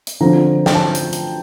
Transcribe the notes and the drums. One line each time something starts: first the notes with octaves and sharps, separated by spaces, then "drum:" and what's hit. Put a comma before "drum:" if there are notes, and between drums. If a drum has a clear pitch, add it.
drum: hi-hat
D3 F3 C4 F4 A#5
G5, drum: snare
A5
drum: hi-hat
drum: hi-hat